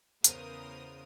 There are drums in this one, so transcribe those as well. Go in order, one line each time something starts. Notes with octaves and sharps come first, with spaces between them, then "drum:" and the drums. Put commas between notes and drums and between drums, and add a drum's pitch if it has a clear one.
E2 C#3 B3 A#4 C5 D#6, drum: hi-hat